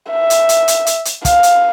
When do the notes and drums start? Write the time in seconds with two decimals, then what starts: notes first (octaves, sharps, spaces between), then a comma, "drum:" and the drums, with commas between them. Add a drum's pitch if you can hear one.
0.11 E5
0.30 drum: hi-hat
0.49 drum: hi-hat
0.68 drum: hi-hat
0.86 drum: hi-hat
1.05 drum: hi-hat
1.25 F5, drum: kick, hi-hat
1.43 drum: hi-hat